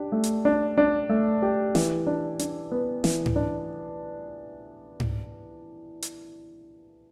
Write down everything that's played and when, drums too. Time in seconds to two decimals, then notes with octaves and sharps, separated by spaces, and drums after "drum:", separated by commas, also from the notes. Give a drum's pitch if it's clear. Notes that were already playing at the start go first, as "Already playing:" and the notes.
Already playing: D4 G4
0.12 A3
0.24 drum: hi-hat
0.45 D4
0.78 D4
1.09 A3
1.42 G4
1.75 E3, drum: snare
2.07 D4
2.39 D4, drum: hi-hat
2.71 B3
3.04 E3, drum: snare
3.26 drum: tom G#2
3.36 D4
5.00 drum: tom G#2
6.02 drum: hi-hat